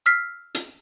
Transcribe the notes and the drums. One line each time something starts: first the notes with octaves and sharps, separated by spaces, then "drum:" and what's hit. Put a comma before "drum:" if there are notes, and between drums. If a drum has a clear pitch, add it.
E6 F6 B6 C7
drum: hi-hat